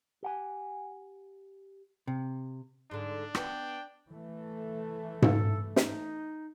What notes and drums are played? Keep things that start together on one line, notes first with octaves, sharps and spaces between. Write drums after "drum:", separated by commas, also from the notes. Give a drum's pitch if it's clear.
G4 F#5 G#5
C3
G#2 D3 D4
B3 G5, drum: rim click
E3 A3
A4, drum: tom G#2
D#4, drum: snare